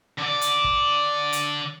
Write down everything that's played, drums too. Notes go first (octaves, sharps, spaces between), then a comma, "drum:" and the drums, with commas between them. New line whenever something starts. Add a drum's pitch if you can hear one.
D3 D5
drum: hi-hat
drum: kick
drum: hi-hat